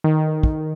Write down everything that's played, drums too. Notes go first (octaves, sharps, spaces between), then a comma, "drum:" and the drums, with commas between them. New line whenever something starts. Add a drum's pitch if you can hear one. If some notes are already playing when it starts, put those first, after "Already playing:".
D#3
drum: kick